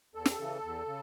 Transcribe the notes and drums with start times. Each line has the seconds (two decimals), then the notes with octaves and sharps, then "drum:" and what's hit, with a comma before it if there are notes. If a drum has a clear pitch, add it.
0.15 E2 A4
0.26 drum: snare
0.39 C#3 E3
0.63 E2
0.87 C#3